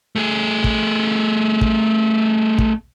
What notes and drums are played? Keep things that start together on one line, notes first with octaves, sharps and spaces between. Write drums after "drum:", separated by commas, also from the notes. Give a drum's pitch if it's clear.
A3 G#4
drum: kick
drum: kick
drum: kick